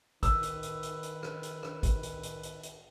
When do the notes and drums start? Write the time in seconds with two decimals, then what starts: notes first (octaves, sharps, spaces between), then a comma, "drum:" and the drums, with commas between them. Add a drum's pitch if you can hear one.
0.23 D#3 B4 E6, drum: kick, hi-hat
0.43 drum: hi-hat
0.63 drum: hi-hat
0.83 drum: hi-hat
1.03 drum: hi-hat
1.23 drum: rim click
1.43 drum: hi-hat
1.63 drum: rim click
1.83 drum: kick, hi-hat
2.03 drum: hi-hat
2.23 drum: hi-hat
2.43 drum: hi-hat
2.63 drum: hi-hat